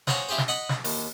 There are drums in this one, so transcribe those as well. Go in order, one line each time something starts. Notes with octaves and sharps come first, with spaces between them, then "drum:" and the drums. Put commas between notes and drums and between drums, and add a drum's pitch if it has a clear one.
G#4 C5 C#5 F5 F#5 A#5, drum: snare
E4 F4 G4 G#4 C5
drum: snare
D#5 F#5 B5 D#6
drum: snare
D#2, drum: open hi-hat